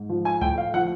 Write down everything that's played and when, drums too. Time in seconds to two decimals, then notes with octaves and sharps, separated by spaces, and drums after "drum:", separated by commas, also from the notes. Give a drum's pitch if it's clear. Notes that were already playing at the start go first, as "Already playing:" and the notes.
Already playing: G#2
0.09 F3
0.25 G#5
0.41 A2 G5, drum: kick C#2
0.58 F5
0.74 F3 F#5